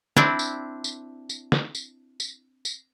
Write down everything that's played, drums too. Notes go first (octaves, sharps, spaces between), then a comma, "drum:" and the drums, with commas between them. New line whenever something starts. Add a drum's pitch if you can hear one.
C4 D4 E4, drum: snare
drum: tambourine
drum: tambourine
drum: tambourine
drum: snare
drum: tambourine
drum: tambourine
drum: tambourine